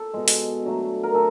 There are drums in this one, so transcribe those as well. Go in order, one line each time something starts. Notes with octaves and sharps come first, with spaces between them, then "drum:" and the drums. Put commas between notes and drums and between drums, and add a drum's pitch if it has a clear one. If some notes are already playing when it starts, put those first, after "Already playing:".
Already playing: A4
B2 G#3
drum: open hi-hat
D3 F#3 A3
A#4
D3 F#3 A3 A4